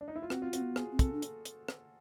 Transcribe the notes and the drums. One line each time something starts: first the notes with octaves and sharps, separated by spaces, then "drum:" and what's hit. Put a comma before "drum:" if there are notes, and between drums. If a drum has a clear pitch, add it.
D4
D#4
E4
F4
C4 F#4, drum: rim click
F4
C4 F#4, drum: hi-hat
B3
G#4, drum: rim click
C4
A4, drum: kick, hi-hat
D4
drum: hi-hat
drum: hi-hat
drum: rim click